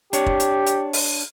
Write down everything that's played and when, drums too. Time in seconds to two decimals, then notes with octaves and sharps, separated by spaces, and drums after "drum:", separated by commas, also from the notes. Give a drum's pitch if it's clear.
0.13 D4 G4 C#5, drum: hi-hat
0.26 drum: kick
0.40 drum: hi-hat
0.67 drum: hi-hat
0.93 drum: open hi-hat